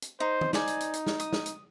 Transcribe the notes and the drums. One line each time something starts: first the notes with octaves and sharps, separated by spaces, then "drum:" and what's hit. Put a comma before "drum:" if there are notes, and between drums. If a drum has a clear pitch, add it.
drum: hi-hat
D#4 C5
drum: tom
D#4 C5 D5 G#5, drum: snare
drum: hi-hat
drum: hi-hat
drum: hi-hat
drum: snare
D#6, drum: hi-hat
drum: snare
drum: hi-hat